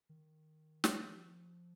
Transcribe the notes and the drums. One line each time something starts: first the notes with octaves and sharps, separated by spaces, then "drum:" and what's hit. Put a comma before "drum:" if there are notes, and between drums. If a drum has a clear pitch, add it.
D#3
drum: snare
F3